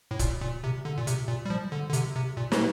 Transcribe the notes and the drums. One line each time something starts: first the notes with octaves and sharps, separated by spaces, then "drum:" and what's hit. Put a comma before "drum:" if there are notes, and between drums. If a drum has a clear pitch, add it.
A2
A#2, drum: kick, hi-hat
A#2
C3
D3
A#2
C3, drum: hi-hat
A#2
G3
F3
D3
D3
C3, drum: hi-hat
C3
A#2
drum: snare